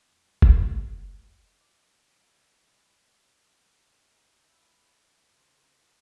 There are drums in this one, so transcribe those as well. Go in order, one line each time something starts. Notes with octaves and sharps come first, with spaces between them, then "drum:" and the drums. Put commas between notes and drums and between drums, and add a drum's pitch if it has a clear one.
F2
G3
C#5, drum: kick F#1
G5
D#5
D6
G3 E4
C#4 D#4
E4 E5 C#6
C#3 A#4 C5